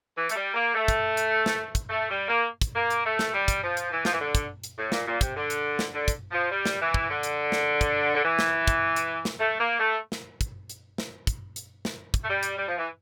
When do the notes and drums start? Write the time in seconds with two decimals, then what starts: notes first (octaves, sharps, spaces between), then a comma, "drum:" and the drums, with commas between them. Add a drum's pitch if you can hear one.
0.16 E3
0.29 A3, drum: hi-hat
0.35 G3
0.54 A#3
0.74 A3
0.88 drum: kick, hi-hat
1.17 drum: hi-hat
1.46 drum: snare
1.75 drum: kick, hi-hat
1.89 A3
2.09 G3
2.28 A#3
2.62 drum: kick, hi-hat
2.75 A#3
2.90 drum: hi-hat
3.04 A3
3.19 drum: snare
3.33 G3
3.48 drum: kick, hi-hat
3.62 F3
3.77 drum: hi-hat
3.91 E3
4.05 F3, drum: snare
4.12 E3
4.20 D3
4.35 drum: kick, hi-hat
4.64 drum: hi-hat
4.78 A2
4.92 A#2, drum: snare
5.07 A#2
5.21 C3, drum: kick, hi-hat
5.35 D3
5.50 drum: hi-hat
5.79 drum: snare
5.93 D3
6.08 drum: kick, hi-hat
6.31 F3
6.51 G3
6.66 drum: snare
6.80 E3
6.94 drum: kick
7.09 D3
7.23 drum: hi-hat
7.52 drum: snare
7.81 drum: kick, hi-hat
8.15 D3
8.24 E3
8.39 drum: snare
8.68 drum: kick, hi-hat
8.96 drum: hi-hat
9.25 drum: snare
9.39 A3
9.59 A#3
9.79 A3
10.12 drum: snare
10.41 drum: kick, hi-hat
10.70 drum: hi-hat
10.98 drum: snare
11.27 drum: kick, hi-hat
11.56 drum: hi-hat
11.85 drum: snare
12.14 drum: kick, hi-hat
12.23 A3
12.29 G3
12.43 drum: hi-hat
12.57 G3
12.68 F3
12.77 E3